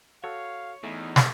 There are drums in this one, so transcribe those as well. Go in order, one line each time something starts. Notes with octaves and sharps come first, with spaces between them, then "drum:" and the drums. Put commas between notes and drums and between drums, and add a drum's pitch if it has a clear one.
F#4 A4 C#5 F5
E2 A3 D#4
drum: snare